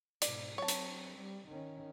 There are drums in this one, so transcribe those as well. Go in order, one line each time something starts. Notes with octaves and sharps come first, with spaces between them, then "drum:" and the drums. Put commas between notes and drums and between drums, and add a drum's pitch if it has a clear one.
G#2 B2 D5, drum: hi-hat
F#3 C4 C#5 A5
drum: hi-hat
G3
D#3 C#4